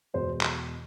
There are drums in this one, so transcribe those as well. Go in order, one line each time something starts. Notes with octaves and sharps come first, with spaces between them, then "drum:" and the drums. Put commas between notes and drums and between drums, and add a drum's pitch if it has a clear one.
E2 B2 G#3 C5
drum: clap